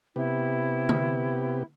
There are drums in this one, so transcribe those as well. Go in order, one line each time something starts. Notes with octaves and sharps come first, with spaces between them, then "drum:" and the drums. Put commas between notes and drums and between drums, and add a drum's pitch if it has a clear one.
C3 B3 E4 G4
drum: tom D3